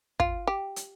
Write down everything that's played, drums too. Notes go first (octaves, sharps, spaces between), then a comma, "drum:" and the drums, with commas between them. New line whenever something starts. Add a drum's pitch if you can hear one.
F4, drum: kick
G4
drum: hi-hat